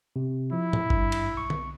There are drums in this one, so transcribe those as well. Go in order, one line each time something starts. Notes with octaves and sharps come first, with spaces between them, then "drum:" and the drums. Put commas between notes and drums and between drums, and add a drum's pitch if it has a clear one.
C3
F3 E4
drum: tom A2
G#1 G2, drum: kick G1
drum: cymbal
B1 C#6
drum: tom